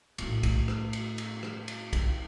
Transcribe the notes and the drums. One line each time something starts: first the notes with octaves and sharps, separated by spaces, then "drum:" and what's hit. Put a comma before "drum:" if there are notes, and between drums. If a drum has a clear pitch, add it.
A2 A3, drum: cymbal
drum: kick, cymbal
drum: rim click
drum: cymbal
drum: cymbal
drum: rim click
drum: cymbal
drum: kick, cymbal